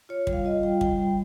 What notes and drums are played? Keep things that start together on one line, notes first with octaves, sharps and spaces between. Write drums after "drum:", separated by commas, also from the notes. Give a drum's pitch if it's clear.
F4 C#5
G3, drum: kick
F5
F4 D#5
G3 G5
G3 G5, drum: kick
G3